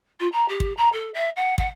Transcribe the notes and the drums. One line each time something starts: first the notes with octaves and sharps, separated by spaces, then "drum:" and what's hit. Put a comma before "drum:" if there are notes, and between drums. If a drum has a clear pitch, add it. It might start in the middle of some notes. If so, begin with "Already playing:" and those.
F4
A#5
G4
drum: kick
A#5
A4
E5
F#5
F#5, drum: kick